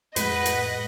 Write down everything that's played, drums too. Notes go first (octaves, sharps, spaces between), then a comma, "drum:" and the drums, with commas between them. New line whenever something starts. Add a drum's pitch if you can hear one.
F2 A2 G#3 B4 D#5 F#5, drum: hi-hat
drum: hi-hat